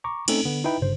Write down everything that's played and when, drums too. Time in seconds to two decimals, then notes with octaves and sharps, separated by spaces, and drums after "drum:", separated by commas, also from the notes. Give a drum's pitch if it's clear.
0.04 A#5 C#6 D6
0.28 A3 C4 C#4 D#4 A4, drum: cymbal
0.45 D3 B3
0.64 D#4 E4 B4 E5 G5 B5
0.81 G1 G2 C#3 C5